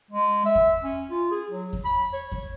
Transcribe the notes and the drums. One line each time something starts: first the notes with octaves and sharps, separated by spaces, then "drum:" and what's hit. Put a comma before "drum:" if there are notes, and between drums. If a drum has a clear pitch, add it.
G#3
E5
drum: kick E2
C#4
F4
G#4
F#3
drum: kick E2
B5
C#5
drum: kick E2